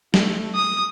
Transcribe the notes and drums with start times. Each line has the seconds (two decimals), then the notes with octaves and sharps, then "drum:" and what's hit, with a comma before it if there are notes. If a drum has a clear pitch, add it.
0.14 A3, drum: snare
0.55 D#6